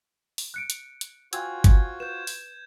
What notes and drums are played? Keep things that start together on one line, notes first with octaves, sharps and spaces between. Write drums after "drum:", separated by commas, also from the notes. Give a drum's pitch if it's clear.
drum: open hi-hat
F#6 C#7 D7
drum: hi-hat
drum: hi-hat
F4 F#4 C5 G5 G#5 E6 G#6, drum: hi-hat
drum: kick, hi-hat
B4 G6 E7
drum: open hi-hat